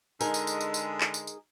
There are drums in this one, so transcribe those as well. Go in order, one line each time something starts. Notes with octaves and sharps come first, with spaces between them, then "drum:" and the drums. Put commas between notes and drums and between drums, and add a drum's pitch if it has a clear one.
D3 G#3 D#4 G#4 A#4, drum: tambourine
drum: tambourine
drum: tambourine
drum: tambourine
drum: tambourine
drum: clap
drum: tambourine
drum: tambourine